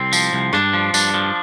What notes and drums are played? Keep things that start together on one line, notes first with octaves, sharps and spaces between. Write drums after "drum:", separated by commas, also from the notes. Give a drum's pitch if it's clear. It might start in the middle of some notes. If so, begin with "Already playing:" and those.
Already playing: C2 C4
F3, drum: tambourine
C2
G2 D4, drum: rim click
F3
G2 D4, drum: tambourine
F3